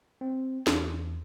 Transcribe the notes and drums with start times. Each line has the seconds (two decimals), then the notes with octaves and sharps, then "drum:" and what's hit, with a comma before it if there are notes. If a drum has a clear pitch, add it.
0.21 C4
0.67 E2, drum: snare